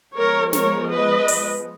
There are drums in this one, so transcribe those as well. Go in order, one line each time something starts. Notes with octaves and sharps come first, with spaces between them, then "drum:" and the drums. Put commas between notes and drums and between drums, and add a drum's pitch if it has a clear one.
F3 G#3 B3 A#4 C#5
A#4 C#5, drum: snare
B4 D#5
drum: open hi-hat